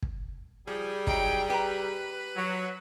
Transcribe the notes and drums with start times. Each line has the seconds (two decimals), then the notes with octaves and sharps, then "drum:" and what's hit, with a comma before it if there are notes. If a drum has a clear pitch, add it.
0.02 drum: kick
0.67 F3 G3 G#4
1.07 F#3 D#4 G5, drum: kick
1.50 G4 B4 A#5
2.36 F#3